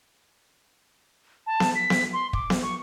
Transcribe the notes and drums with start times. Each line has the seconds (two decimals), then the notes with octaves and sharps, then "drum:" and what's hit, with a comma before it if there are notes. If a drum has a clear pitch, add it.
1.47 A5
1.60 drum: snare B3
1.75 B6
1.90 drum: snare B3
2.13 C6
2.33 D6, drum: kick
2.50 drum: snare B3
2.62 C#6